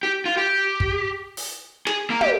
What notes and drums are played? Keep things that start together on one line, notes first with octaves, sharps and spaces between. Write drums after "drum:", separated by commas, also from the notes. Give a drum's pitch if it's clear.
G4
F4
G4
drum: kick
drum: open hi-hat
G#4, drum: snare
A#3
G4, drum: tom